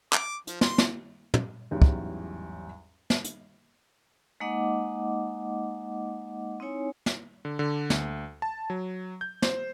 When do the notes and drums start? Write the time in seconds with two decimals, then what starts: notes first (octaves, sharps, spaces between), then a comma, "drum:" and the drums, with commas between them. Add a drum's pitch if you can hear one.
0.13 D6, drum: clap
0.47 F3, drum: hi-hat
0.61 C6, drum: snare
0.78 drum: snare
1.34 drum: tom
1.71 A1 E2 G#2 F#3 G3
1.82 drum: kick
3.10 drum: snare
3.24 drum: hi-hat
4.40 G#3 A#3 D#4 D#5 F#5 D6
6.60 C4 D#4 E4 C#5 G#5
7.06 drum: snare
7.45 D3
7.59 D3
7.90 D2, drum: snare
8.42 A5
8.70 F#3
9.21 G6
9.42 C5, drum: snare